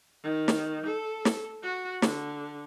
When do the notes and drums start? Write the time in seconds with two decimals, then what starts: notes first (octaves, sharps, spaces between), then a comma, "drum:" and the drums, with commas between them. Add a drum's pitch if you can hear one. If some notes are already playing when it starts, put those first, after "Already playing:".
0.24 D#3
0.48 drum: snare
0.87 A4
1.25 drum: snare
1.63 F#4
2.02 D3, drum: snare